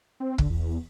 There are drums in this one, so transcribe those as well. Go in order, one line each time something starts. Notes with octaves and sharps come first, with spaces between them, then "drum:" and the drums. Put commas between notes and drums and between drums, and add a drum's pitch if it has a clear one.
C4
D3, drum: kick
E2